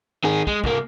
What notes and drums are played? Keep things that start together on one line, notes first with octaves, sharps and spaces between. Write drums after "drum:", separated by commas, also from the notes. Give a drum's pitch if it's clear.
D#3 G#4
G#3, drum: kick
C2 A#3, drum: kick